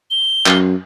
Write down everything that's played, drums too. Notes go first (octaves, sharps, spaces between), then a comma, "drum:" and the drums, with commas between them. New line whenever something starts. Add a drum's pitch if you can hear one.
G7
F#2, drum: clap